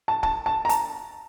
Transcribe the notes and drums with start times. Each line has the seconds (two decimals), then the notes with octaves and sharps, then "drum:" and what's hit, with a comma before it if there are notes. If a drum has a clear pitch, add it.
0.08 A5
0.23 A5, drum: kick
0.46 A5
0.65 A#5
0.69 A5, drum: hi-hat